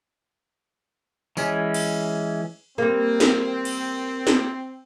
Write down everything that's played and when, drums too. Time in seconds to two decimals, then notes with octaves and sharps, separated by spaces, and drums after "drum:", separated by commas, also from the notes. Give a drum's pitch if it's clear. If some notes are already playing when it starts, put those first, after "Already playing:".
1.37 E3 G#3 C#4, drum: tambourine
1.74 drum: cymbal
2.78 G3 A#3 C4
3.20 drum: snare
3.65 drum: cymbal
4.27 drum: snare